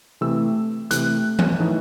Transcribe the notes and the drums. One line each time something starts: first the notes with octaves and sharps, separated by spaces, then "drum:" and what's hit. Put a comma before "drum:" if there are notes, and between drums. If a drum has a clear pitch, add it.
C3 E3 A3 E6
C3 E3 A3 F#6, drum: hi-hat
drum: tom E3
A2 E3 A3 D#4